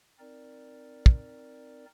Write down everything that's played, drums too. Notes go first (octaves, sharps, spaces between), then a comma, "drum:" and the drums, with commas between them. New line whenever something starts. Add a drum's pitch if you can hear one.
C4 D#4 A#4 D5
drum: kick